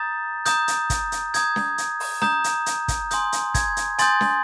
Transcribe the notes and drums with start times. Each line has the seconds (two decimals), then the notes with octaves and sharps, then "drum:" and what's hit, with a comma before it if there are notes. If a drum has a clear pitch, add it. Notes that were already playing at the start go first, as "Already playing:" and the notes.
Already playing: A#5 D#6 G6 A6
0.46 A#5 D#6 G6, drum: hi-hat
0.68 drum: hi-hat
0.90 drum: kick, hi-hat
1.12 drum: hi-hat
1.34 A#5 D#6 G6 G#6, drum: hi-hat
1.56 drum: snare
1.78 drum: hi-hat
2.00 drum: open hi-hat
2.22 A#5 D#6 G6, drum: snare
2.44 drum: hi-hat
2.66 drum: hi-hat
2.88 drum: kick, hi-hat
3.11 G#5 C6 D#6 G6, drum: hi-hat
3.32 drum: hi-hat
3.55 G#6, drum: kick, hi-hat
3.77 drum: hi-hat
3.98 G#5 C6 D#6 G6 A6, drum: hi-hat
4.21 drum: snare